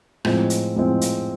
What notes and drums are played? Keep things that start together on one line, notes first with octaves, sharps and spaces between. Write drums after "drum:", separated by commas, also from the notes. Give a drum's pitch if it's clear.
A2 F3 G#3 C4, drum: rim click
drum: hi-hat
A2 F3 G#3 C4
drum: hi-hat